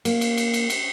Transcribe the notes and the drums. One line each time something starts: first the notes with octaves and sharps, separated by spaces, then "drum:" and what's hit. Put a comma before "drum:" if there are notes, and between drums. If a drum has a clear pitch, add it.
A#3, drum: cymbal
drum: cymbal
drum: cymbal
drum: cymbal
drum: cymbal